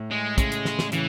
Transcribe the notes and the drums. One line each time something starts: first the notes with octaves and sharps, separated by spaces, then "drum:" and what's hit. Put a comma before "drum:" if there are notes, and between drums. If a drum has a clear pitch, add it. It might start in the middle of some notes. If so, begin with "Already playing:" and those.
Already playing: A2
G#3
A2 C#3 G#3, drum: kick, hi-hat
drum: hi-hat
drum: snare
drum: snare
A2 C#3 E3, drum: hi-hat